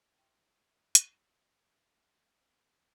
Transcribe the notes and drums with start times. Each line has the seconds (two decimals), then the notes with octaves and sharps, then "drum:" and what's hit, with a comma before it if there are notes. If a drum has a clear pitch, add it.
0.18 E4 C#5 E5 G5 C6 D6
0.95 drum: hi-hat
2.26 C4 G4 F5